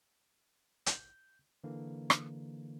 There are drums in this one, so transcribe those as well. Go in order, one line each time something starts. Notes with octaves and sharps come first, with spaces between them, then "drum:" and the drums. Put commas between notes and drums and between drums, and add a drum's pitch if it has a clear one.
G6, drum: hi-hat
D3 E3 A#3
drum: rim click